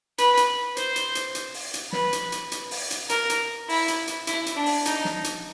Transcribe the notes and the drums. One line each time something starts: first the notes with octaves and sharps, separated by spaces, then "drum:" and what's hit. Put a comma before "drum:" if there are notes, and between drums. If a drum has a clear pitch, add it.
B4, drum: hi-hat
drum: hi-hat
C5, drum: hi-hat
drum: hi-hat
drum: hi-hat
drum: hi-hat
drum: open hi-hat
drum: hi-hat
B4, drum: snare
drum: hi-hat
drum: hi-hat
drum: hi-hat
drum: open hi-hat
drum: hi-hat
A#4, drum: hi-hat
drum: hi-hat
E4, drum: open hi-hat
drum: hi-hat
drum: hi-hat
E4, drum: hi-hat
drum: hi-hat
D4
drum: open hi-hat
D#4, drum: hi-hat
drum: snare
drum: hi-hat